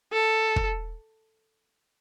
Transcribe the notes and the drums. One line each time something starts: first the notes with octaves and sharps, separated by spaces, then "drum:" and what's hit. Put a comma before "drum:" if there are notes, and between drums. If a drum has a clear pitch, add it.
A4
drum: kick